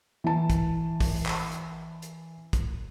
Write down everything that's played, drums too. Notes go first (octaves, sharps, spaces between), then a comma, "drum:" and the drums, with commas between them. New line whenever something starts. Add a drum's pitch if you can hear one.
E3 A5
drum: kick, hi-hat
drum: kick, open hi-hat
drum: clap
drum: hi-hat
drum: hi-hat
drum: kick, hi-hat